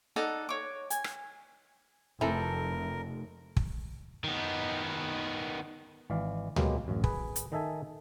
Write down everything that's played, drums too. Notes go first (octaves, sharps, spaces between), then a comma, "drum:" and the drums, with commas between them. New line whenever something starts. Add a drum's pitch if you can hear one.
D#4 A4 D5 F#5
C#5 D6
G#5, drum: hi-hat
drum: rim click
F1 E3 C4 A4 A#4
drum: kick
D#3 B3
G#1 E3 D5 F5
B2 F#3 G#3 A#3 B3 G4, drum: tom C#2
A1 F#2
G#4 B4, drum: kick
drum: hi-hat
D#3 D#4 A4 E5 G#5